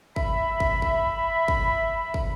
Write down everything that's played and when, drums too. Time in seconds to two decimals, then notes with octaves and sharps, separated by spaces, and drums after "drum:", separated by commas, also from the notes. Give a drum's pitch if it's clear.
0.16 E5 B5, drum: kick
0.60 drum: kick
0.82 drum: kick
1.48 drum: kick
2.14 drum: kick